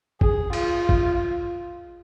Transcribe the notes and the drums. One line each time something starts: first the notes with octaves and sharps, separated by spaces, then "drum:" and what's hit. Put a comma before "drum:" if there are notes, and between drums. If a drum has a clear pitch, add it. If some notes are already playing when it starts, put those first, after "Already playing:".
G#4, drum: kick
F4, drum: cymbal
drum: kick